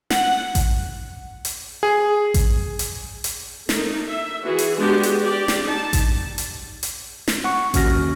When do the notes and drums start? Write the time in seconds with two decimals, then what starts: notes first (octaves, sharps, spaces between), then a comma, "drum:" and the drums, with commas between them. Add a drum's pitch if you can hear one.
0.10 F#5, drum: snare
0.55 drum: kick A1, hi-hat
1.45 drum: hi-hat
1.83 G#4
2.34 drum: kick A1, hi-hat
2.79 drum: hi-hat
3.24 drum: hi-hat
3.69 A3 A#3 D#4, drum: snare
4.08 E5
4.44 E3 F#4 G#4
4.59 drum: hi-hat
4.77 G#3 B3 D4 F#4 G4
5.03 drum: hi-hat
5.22 G4 D5
5.48 drum: snare
5.63 D#4 A5
5.93 drum: kick A1, hi-hat
6.38 drum: hi-hat
6.83 drum: hi-hat
7.28 drum: snare
7.44 F#5 C#6
7.74 D#2 C#4 F#4 F6 A#6, drum: kick A1, hi-hat